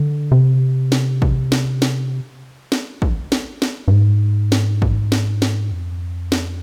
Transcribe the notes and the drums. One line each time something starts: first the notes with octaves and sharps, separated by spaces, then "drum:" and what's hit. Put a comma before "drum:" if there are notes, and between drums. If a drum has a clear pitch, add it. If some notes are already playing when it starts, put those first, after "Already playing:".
Already playing: D3
C3
drum: snare
drum: kick
drum: snare
drum: snare
drum: snare
drum: kick
drum: snare
drum: snare
G2
G#2
drum: snare
drum: kick
drum: snare
drum: snare
F2
drum: snare